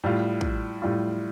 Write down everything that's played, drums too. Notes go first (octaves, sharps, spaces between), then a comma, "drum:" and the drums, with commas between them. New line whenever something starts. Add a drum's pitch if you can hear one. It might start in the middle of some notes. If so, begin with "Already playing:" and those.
A2 G3 F4
drum: kick
A2 G3 F4